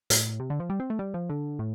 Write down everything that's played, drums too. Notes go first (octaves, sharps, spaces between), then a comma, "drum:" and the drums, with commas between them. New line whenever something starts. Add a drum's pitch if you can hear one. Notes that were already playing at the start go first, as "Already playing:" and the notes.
A2, drum: hi-hat
C3
D3
F3
G3
C4
A3
G3
F3
D3
A2